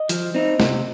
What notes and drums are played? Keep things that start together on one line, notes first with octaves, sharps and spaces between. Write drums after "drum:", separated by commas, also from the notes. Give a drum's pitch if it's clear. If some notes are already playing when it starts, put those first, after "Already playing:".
Already playing: D#5
F3, drum: hi-hat
C4 D#4
C3, drum: snare